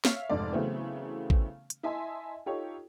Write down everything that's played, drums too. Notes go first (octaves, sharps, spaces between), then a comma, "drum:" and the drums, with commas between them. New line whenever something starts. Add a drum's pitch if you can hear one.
C#5 E5 F5 F6, drum: snare
F1 F2 G#2 D5
C#3 E3 F#3 A3 B3 C4
drum: kick A1
drum: hi-hat
E4 D#5 E5 G#5 A5 C6
D#4 F4 G4 A4 C#5 D#5